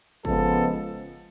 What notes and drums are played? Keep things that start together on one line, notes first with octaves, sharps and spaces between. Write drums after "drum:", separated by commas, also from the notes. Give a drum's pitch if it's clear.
C#3 F3 G#3 B3 A4, drum: kick G1